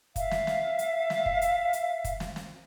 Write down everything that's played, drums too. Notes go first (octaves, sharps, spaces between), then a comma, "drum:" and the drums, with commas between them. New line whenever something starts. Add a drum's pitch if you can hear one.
E5 F5, drum: kick, hi-hat
drum: snare
drum: snare
drum: hi-hat
drum: snare
drum: kick
drum: hi-hat
drum: hi-hat
drum: kick, hi-hat
drum: snare
drum: snare